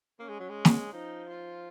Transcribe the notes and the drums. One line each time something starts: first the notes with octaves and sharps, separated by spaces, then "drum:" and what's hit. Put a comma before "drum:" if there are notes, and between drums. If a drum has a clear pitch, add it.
A#3 C#4
G#3
F#3
G#3
drum: snare
F3 D#4
F4